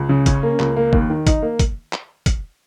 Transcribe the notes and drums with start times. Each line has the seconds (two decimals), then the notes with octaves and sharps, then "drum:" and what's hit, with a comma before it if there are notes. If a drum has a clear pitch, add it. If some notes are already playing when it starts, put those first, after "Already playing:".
Already playing: C#2
0.09 C#3
0.26 C#4, drum: kick, hi-hat
0.43 A#3
0.60 C#2, drum: clap
0.76 A#3
0.93 D#2, drum: kick
1.10 D#3
1.27 D#4, drum: kick, hi-hat
1.42 A#3
1.59 drum: kick, hi-hat
1.93 drum: clap
2.26 drum: kick, hi-hat